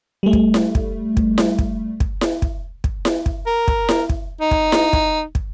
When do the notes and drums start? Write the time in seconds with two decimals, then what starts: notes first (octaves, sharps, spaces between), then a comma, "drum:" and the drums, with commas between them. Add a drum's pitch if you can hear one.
0.23 G3 A3
0.33 drum: kick
0.54 drum: snare E4
0.75 drum: kick
1.17 drum: kick
1.38 drum: snare E4
1.59 drum: kick
2.00 drum: kick
2.21 drum: snare E4
2.42 drum: kick
2.84 drum: kick
3.05 drum: snare E4
3.26 drum: kick
3.47 A#4
3.68 drum: kick
3.89 drum: snare E4
4.09 drum: kick
4.41 D#4
4.51 drum: kick
4.72 drum: snare E4
4.93 drum: kick
5.35 drum: kick